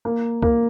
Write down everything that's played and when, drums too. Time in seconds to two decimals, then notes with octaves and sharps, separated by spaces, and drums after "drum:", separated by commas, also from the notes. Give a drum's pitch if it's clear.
0.05 A#3
0.42 A#3, drum: kick